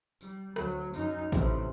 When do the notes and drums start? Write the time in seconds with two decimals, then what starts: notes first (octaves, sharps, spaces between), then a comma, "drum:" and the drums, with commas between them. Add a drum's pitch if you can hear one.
0.21 G3, drum: tambourine
0.56 D2 F#3, drum: rim click
0.94 F#2 D#4, drum: tambourine
1.32 A1 C3, drum: kick A1, tambourine